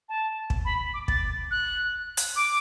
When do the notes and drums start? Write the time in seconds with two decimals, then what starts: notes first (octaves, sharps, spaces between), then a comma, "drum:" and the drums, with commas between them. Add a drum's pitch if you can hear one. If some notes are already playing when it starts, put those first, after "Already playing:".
0.09 A5
0.50 drum: kick
0.65 B5
0.94 D6
1.08 A6, drum: kick
1.51 F#6
2.17 drum: hi-hat
2.36 D6